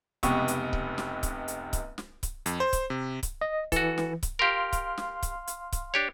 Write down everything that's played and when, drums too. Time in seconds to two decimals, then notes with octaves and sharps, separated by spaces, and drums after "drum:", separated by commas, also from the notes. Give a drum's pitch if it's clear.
0.23 F1 C#2 C3 B3 G5 C#6, drum: kick C#1, hi-hat
0.48 drum: hi-hat
0.73 drum: kick C#1
0.98 drum: snare
1.23 drum: kick C#1, hi-hat
1.48 drum: hi-hat
1.73 drum: kick C#1, hi-hat
1.98 drum: snare
2.23 drum: kick C#1, hi-hat
2.46 F2, drum: hi-hat
2.60 C5
2.73 drum: kick C#1, hi-hat
2.90 C3
3.23 drum: kick C#1, hi-hat
3.41 D#5
3.72 E3 F#4 A4, drum: kick C#1, hi-hat
3.98 drum: snare
4.23 drum: kick C#1, hi-hat
4.39 G4 A#4 F5 C6 F6
4.73 drum: kick C#1, hi-hat
4.98 drum: snare
5.23 drum: kick C#1, hi-hat
5.48 drum: hi-hat
5.72 drum: kick C#1, hi-hat
5.94 D4 G4 C#5